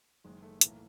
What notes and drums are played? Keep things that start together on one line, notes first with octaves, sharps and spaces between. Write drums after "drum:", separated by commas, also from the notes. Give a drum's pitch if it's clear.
F#1 F#2 D#3 G#3
A3
B1 A2 E3 A#3, drum: hi-hat